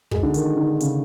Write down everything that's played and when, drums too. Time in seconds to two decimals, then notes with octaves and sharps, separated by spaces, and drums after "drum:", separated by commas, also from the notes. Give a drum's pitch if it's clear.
0.11 G#3, drum: kick
0.23 D3
0.34 D#3, drum: hi-hat
0.57 D3
0.80 C#3, drum: hi-hat